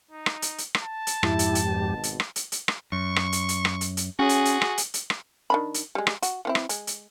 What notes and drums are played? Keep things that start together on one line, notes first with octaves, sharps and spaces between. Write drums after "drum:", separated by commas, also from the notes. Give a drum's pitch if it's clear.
D#4
drum: rim click
drum: hi-hat
drum: hi-hat
drum: rim click
A5
drum: hi-hat
F2 G#2 E4 G4, drum: rim click
drum: hi-hat
drum: hi-hat
G#1 B2
drum: hi-hat
drum: rim click
drum: hi-hat
drum: hi-hat
drum: rim click
F#2 C#6
drum: rim click
drum: hi-hat
drum: hi-hat
drum: rim click
drum: hi-hat
drum: hi-hat
C#4 F#4 G#4
drum: hi-hat
drum: hi-hat
drum: rim click
drum: hi-hat
drum: hi-hat
drum: rim click
D#3 D4 B5
drum: hi-hat
G3 G#3
drum: rim click
F#4, drum: hi-hat
E3 C4 E4
drum: rim click
G#3, drum: hi-hat
drum: hi-hat